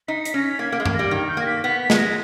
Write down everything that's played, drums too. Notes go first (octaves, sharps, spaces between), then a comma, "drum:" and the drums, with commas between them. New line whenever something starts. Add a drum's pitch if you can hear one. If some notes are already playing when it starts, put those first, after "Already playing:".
D#4 B6
C#7
B6, drum: hi-hat
C#4 A#6
B6
A#3 G#6
A#3
G#3 G#6
A#3, drum: tom G2
G3 A#6
D#3
G6
A#3 A#6
B6
B3 B6
B6
G#3, drum: snare
A#6